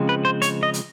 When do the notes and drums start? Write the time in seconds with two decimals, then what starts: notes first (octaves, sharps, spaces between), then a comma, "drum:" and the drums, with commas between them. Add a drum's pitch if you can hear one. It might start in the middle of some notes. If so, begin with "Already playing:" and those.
Already playing: C#3 F3 G#3 C4
0.09 B4
0.25 C5
0.42 C#5, drum: hi-hat
0.63 D#5
0.74 drum: hi-hat